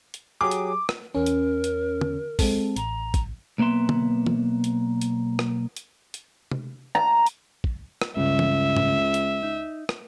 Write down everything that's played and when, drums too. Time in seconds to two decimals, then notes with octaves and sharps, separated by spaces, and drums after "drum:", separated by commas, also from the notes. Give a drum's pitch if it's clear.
0.14 drum: hi-hat
0.41 F#3 G4 G#4 D6
0.51 drum: hi-hat
0.89 drum: rim click
1.15 E2 C#4 A#4
1.26 drum: hi-hat
1.64 drum: hi-hat
2.01 drum: tom D3
2.39 G#3 C4 A4, drum: kick, open hi-hat
2.76 A1 A#5, drum: hi-hat
3.14 drum: kick, hi-hat
3.58 B1 A#3 B3 E5 C6
3.89 drum: tom D3
4.26 drum: tom
4.64 drum: hi-hat
5.01 drum: hi-hat
5.39 drum: rim click
5.76 drum: hi-hat
6.14 drum: hi-hat
6.52 drum: tom C3
6.95 A#5
7.27 drum: hi-hat
7.64 drum: kick
8.02 drum: rim click
8.17 C#2 G2 C#3 E5
8.39 drum: tom
8.77 drum: tom
9.14 drum: hi-hat
9.43 D#4
9.89 drum: rim click